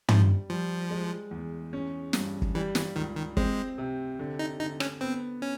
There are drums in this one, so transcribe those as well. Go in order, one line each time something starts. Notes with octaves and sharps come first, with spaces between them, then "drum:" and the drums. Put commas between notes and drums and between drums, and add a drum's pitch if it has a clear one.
F3 G3, drum: tom
F3 G3
G#3
E2
C#4
G2, drum: snare
drum: kick
E3 G3
E3, drum: snare
C#2 D#3
D#3
G#3 C4, drum: kick
C3
D3
D#4
D3 D#4
C#4, drum: rim click
B3 C4
C#4